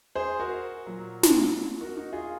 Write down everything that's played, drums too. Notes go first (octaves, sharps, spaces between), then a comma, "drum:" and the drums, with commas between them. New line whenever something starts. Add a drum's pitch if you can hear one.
G#4 C5
F#4 A#4
A#2 F#3
drum: snare
F#4 A#4
D#4 F#4
F4 G#4